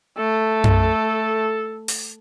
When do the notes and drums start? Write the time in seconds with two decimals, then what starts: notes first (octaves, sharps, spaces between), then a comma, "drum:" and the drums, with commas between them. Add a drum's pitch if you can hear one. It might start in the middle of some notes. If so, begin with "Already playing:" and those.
0.18 A3 A4
0.64 drum: tom F#2
1.88 drum: open hi-hat